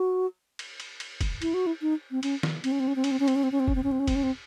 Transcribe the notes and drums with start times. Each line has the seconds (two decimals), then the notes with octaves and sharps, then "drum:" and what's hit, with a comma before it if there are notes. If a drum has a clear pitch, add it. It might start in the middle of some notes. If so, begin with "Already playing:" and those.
Already playing: F#4
0.59 drum: cymbal
0.80 drum: cymbal
1.00 drum: cymbal
1.21 drum: kick, cymbal
1.42 E4, drum: cymbal
1.54 F#4
1.67 E4
1.82 D#4
2.11 C4
2.23 C#4, drum: cymbal
2.43 drum: snare
2.64 C4, drum: cymbal
2.72 C#4
2.80 C4
2.88 C#4
2.96 C4
3.04 C#4, drum: cymbal
3.11 C4
3.20 C#4
3.28 C4, drum: cymbal
3.36 C#4
3.43 C4
3.52 C#4
3.60 C4
3.68 C#4, drum: kick
3.75 C4
3.83 C#4
3.92 C4
4.00 C#4
4.07 C4, drum: kick, cymbal
4.15 C#4
4.23 C4